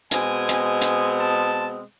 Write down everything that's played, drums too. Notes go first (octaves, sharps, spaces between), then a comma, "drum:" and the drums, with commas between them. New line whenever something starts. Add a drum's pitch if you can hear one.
B2 G#3 C4 G#5, drum: hi-hat
drum: hi-hat
G#5
drum: hi-hat
A5